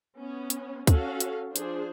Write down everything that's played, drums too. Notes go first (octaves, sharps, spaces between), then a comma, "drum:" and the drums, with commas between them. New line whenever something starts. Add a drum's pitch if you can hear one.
B3 C#4
drum: hi-hat
C#4 F#4 A4 F5, drum: kick, hi-hat
drum: hi-hat
F3 D4 G#4 C5, drum: hi-hat